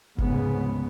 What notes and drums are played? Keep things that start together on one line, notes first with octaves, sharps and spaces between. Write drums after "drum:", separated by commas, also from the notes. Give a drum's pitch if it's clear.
F1 C#2 G#2 C#3 G#3 B3, drum: kick F#1